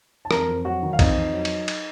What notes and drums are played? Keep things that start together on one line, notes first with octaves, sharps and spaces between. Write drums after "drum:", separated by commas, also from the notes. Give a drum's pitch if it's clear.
A5
F2 A#4 A#5, drum: rim click
F2
F#3 F#4 F#5
D#3
F5
F2 D#4 D#5, drum: kick B1, cymbal
F2
F#3
drum: cymbal
drum: cymbal